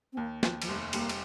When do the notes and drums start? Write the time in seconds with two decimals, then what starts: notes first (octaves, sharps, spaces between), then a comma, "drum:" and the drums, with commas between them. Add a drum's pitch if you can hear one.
0.13 C4
0.17 D#2 A#3
0.43 D#2 F3, drum: snare
0.62 F3, drum: cymbal
0.68 F1 G3
0.93 G3 A#3, drum: cymbal
1.09 drum: cymbal